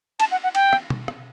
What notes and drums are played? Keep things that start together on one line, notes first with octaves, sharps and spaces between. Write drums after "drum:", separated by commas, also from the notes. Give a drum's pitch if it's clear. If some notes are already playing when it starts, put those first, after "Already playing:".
A5, drum: cymbal
F#5
F#5
G5, drum: cymbal
drum: rim click
drum: tom
drum: rim click